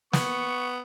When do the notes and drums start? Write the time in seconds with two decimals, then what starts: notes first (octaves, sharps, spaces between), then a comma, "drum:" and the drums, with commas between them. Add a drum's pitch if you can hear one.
0.13 B3 C#6, drum: snare